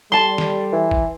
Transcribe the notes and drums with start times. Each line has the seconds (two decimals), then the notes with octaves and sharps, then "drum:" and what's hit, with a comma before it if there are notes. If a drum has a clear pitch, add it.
0.12 G3 A4 A5 C6
0.38 drum: snare
0.72 E3
0.91 drum: kick